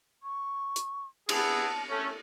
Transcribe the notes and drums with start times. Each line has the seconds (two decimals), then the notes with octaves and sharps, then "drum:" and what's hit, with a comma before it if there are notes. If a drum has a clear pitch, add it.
0.22 C#6
0.76 drum: hi-hat
1.29 B3 E4 G#4 A5, drum: cymbal
1.90 A3 C#4 A4